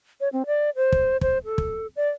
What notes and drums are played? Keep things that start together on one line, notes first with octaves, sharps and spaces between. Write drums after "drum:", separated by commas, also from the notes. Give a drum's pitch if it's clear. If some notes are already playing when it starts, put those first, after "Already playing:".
C#5
C4
D5
C5
drum: kick
C5, drum: kick
A4
drum: kick
D5